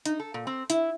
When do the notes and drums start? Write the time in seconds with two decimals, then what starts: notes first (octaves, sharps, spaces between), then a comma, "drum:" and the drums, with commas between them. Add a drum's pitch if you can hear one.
0.06 D#4, drum: hi-hat
0.20 A4
0.34 A#2
0.47 C4
0.70 E4, drum: hi-hat